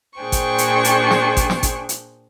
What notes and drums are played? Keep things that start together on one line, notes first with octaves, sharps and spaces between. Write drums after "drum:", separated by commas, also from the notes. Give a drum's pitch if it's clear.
A#2 D4 G#4 C5 G5 C#6
drum: kick G#1, hi-hat
drum: hi-hat
drum: hi-hat
drum: snare
drum: kick G#1, hi-hat
drum: snare
drum: kick G#1, hi-hat
drum: hi-hat